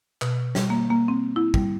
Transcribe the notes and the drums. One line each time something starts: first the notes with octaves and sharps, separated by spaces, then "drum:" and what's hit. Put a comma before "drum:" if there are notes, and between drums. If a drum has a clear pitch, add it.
B2, drum: clap
G3, drum: snare
A#3
A#3
C4
E4
G3, drum: kick